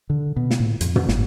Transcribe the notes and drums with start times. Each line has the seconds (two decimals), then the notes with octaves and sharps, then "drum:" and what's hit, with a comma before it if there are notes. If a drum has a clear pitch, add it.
0.10 D3
0.36 B2
0.51 drum: snare
0.60 A2
0.81 F2, drum: hi-hat
0.96 drum: tom
1.09 G1, drum: snare